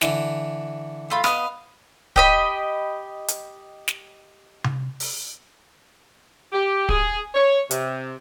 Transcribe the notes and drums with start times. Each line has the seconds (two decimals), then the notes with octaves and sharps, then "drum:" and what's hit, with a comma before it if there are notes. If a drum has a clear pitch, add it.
0.01 D3 E3, drum: snare
1.10 A3 F4 B5
1.24 B3 D#5 F5 B5, drum: rim click
2.16 G4 D#5 B5, drum: kick
3.28 drum: hi-hat
3.88 drum: snare
4.64 drum: tom C3
5.00 drum: open hi-hat
6.53 G4
6.89 G#4, drum: kick
7.35 C#5
7.71 C3, drum: hi-hat